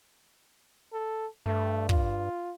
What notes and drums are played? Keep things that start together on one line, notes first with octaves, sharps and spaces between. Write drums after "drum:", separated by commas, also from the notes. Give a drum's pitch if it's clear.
A4
G2 A3
F4, drum: kick